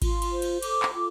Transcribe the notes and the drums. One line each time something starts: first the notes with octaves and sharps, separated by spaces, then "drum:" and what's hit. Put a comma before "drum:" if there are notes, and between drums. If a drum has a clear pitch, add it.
F4 C6, drum: kick G#1, cymbal
drum: cymbal
C5
drum: cymbal
A4 D6, drum: cymbal
drum: clap
F4